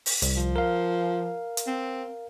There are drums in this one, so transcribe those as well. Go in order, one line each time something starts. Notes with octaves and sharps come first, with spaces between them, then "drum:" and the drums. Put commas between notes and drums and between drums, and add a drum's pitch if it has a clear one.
drum: open hi-hat
C2, drum: hi-hat
F3
A#4 F5
drum: hi-hat
C4